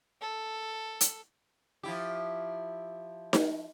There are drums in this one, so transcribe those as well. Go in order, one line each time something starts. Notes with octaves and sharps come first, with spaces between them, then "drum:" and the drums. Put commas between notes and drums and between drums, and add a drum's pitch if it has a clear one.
A4
drum: hi-hat
F3 E4 G4
drum: snare D#4